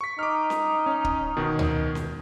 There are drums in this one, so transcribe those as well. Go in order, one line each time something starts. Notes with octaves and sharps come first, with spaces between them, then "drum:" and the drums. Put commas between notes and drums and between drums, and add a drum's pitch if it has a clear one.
C#6 B6
D#4 D6 F6
drum: snare C#4
C#4
drum: kick
B2 D#3
drum: tom
drum: snare C#4